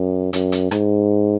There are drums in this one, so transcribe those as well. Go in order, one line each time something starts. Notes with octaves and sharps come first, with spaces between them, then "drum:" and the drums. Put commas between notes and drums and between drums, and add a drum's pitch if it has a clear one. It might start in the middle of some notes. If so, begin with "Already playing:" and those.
Already playing: F#2
F#2, drum: hi-hat
drum: hi-hat
G#2, drum: rim click